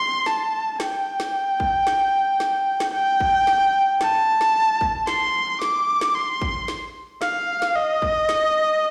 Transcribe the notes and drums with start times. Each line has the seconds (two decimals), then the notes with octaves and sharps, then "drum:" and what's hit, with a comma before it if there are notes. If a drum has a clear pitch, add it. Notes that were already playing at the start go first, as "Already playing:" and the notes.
Already playing: C6
0.26 A5, drum: snare
0.80 G5, drum: snare
1.20 drum: snare
1.60 drum: kick
1.87 drum: snare
2.40 drum: snare
2.80 drum: snare
2.94 G5
3.20 drum: kick
3.47 drum: snare
4.01 A5, drum: snare
4.41 drum: snare
4.81 drum: kick
5.07 C6, drum: snare
5.62 D6, drum: snare
6.01 drum: snare
6.14 C6
6.42 drum: kick
6.68 drum: snare
7.22 F5, drum: snare
7.62 drum: snare
7.76 D#5
8.02 drum: kick
8.29 drum: snare